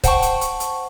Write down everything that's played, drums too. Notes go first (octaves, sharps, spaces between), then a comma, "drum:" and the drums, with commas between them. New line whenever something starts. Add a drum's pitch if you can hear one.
C5 F#5 G5 A5 C#6, drum: kick C#1, hi-hat
drum: hi-hat
drum: hi-hat
drum: hi-hat